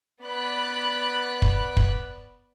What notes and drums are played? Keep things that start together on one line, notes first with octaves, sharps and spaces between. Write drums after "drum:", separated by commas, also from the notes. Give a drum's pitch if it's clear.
B3 D5 B5 F#6
drum: kick
drum: kick